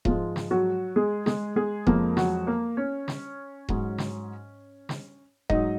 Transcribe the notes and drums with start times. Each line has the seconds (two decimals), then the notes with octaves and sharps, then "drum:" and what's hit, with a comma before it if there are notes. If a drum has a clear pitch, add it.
0.05 G#2 F3 G#3 F4, drum: kick D#1
0.36 drum: snare
0.51 F#3 F#4
0.96 G#3 G#4
1.26 G#3 G#4, drum: snare
1.56 G#3 G#4
1.87 F2 F3 G#3 A#3 A#4, drum: kick D#1
2.17 F#3 F#4, drum: snare
2.47 A#3 A#4
2.77 C#4 C#5
3.08 drum: snare
3.69 G#2 F#3, drum: kick D#1
3.98 drum: snare
4.89 drum: snare
5.50 G#2 F#3 D#4 D#5, drum: kick D#1